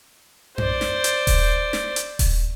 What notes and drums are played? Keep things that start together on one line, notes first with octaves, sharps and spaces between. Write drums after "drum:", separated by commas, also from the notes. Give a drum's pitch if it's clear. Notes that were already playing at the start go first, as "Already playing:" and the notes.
C5 D5, drum: tom F#2
drum: snare
drum: hi-hat
drum: kick D#1, open hi-hat
drum: snare
drum: hi-hat
drum: kick D#1, open hi-hat